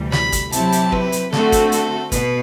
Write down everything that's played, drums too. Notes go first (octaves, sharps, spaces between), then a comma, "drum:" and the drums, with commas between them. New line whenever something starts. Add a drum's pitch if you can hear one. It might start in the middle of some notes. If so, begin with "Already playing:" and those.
Already playing: D2 C3 E3 G3
B5, drum: snare
drum: kick, hi-hat
C3 F#3 C4 E4 G4 A5, drum: hi-hat
drum: hi-hat
B4, drum: kick
drum: hi-hat
D3 A3 C4 F#4 A4, drum: snare
drum: kick, hi-hat
A4, drum: hi-hat
B2 B4, drum: kick, hi-hat